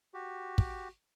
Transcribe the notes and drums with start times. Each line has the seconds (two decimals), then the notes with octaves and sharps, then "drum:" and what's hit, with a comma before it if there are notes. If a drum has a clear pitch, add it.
0.14 F#4 G4
0.58 drum: kick